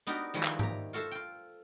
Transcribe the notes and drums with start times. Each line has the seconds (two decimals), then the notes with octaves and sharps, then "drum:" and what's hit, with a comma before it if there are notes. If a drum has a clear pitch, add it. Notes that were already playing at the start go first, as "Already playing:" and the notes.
0.07 B3 D4 D#4 F#4 G4 A#4
0.34 D#3 F3 G3 G#3 E4 F#4
0.43 drum: clap
0.59 G4 A#5, drum: tom G#2
0.93 F4 F#4 A4 C5 E5
1.11 F4 G5